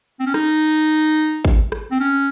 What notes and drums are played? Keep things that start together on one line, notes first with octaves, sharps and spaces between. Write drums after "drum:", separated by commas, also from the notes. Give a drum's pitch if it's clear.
C4
C#4
D#4, drum: rim click
drum: kick G#1
drum: rim click
C4
C#4